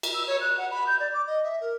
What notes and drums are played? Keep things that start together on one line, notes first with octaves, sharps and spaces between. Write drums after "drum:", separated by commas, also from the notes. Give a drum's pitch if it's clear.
drum: cymbal
E6
C#5
F#6
F#5
B5
G6
D5
D6
D#5
E5
A#4